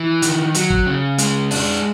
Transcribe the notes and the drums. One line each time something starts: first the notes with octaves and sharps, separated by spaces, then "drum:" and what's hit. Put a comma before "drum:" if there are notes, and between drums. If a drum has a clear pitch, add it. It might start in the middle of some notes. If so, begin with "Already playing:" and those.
Already playing: E3
D#3, drum: hi-hat
F#3, drum: hi-hat
drum: kick
C#3
G#3, drum: hi-hat
D4, drum: open hi-hat